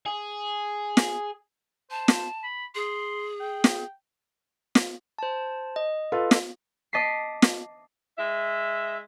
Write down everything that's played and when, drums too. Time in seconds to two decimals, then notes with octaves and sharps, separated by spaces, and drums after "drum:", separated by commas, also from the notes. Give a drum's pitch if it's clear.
0.06 G#4
0.97 drum: snare
1.91 C5 A5
2.08 drum: snare
2.44 B5
2.75 G#4 C6
3.40 G5
3.64 drum: snare
4.75 drum: snare
5.18 C5 A5
5.76 D#5
6.12 F4 A4 B4
6.31 drum: snare
6.93 D#5 A5 D6 B6 C7
7.42 drum: snare
8.18 G#3 E5